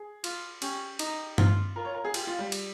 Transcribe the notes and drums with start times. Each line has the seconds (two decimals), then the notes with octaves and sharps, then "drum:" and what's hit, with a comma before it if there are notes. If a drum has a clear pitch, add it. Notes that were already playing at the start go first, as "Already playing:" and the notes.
Already playing: G#4
0.24 F4, drum: cymbal
0.62 C#4 G4, drum: cymbal
0.99 D#4, drum: cymbal
1.38 F4, drum: tom G2
1.76 F4 A#4
1.85 C#5
1.94 A#4
2.04 G#4
2.14 F4 G4, drum: cymbal
2.27 F4
2.39 G3
2.52 drum: cymbal